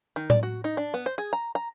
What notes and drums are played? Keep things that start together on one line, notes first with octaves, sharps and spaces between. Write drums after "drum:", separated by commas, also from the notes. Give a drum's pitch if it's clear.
D#3
D5, drum: tom A2
F#4
D#4
D4
B3
C5
G#4
A#5
A#5